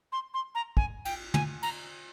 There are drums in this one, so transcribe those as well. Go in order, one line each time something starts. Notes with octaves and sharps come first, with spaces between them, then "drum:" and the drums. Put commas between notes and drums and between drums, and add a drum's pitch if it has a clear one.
C6
C6
A#5
G#5, drum: kick
G5, drum: cymbal
G#5, drum: tom
A#5, drum: cymbal